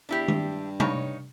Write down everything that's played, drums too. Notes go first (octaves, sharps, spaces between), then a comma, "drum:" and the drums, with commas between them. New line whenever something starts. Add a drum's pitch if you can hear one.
E2 D4 E4 G4
G2, drum: tom D#3
C#3 D#4 C#5, drum: tom C3